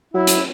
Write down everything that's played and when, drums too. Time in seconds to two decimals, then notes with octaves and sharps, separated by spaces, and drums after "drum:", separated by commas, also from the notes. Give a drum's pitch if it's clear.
0.14 F#3 E4
0.27 drum: hi-hat